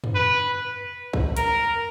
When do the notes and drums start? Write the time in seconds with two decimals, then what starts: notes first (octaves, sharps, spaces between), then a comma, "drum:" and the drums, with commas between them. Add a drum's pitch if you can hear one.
0.04 drum: tom
0.15 B4
1.13 drum: kick
1.37 A#4, drum: hi-hat